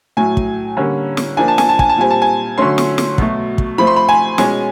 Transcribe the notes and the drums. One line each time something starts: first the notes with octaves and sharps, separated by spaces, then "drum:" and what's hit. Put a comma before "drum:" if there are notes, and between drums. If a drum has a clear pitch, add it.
A2 F#3 A3 G#5
drum: kick
D3 G3 A#3 C#4
drum: snare
F3 A#3 D4 G#5
A5
G#5, drum: snare
A5
G#5, drum: kick
A5
A#2 G3 C4 G#5
A5
G#5
D3 F#3 A3 C#4 C6
drum: snare
drum: snare
B2 F#3 A3, drum: kick
drum: kick
F3 A3 C4 B5
C6
B5
G#5
B2 G#3 C#4 G#5, drum: snare